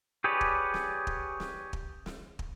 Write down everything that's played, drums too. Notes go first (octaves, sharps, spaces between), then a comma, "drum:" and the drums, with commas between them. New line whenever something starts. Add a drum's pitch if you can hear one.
G4 G#4 B4 C#5 D5
drum: kick
drum: snare
drum: kick
drum: snare
drum: kick
drum: snare
drum: kick